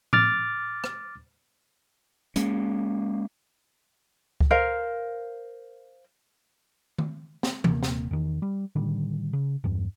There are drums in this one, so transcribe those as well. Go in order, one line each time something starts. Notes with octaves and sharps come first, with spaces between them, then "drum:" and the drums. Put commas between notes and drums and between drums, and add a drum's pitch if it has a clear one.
D6 F6 A6, drum: tom A2
drum: rim click
G#3 A#3 C#4, drum: hi-hat
drum: kick C#2
A#4 C5 F5
drum: tom D#3
drum: snare
D#1 C3 A#3, drum: tom E3
drum: snare
E2 D#3
G3
A2 D3 D#3 G3
C#3
E2 G2